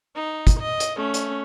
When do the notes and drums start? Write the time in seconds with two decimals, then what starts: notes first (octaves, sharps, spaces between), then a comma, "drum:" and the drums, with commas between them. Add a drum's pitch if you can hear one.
0.16 D#4
0.47 drum: kick, hi-hat
0.60 D#5
0.80 drum: hi-hat
0.97 A3 C#4
1.14 drum: hi-hat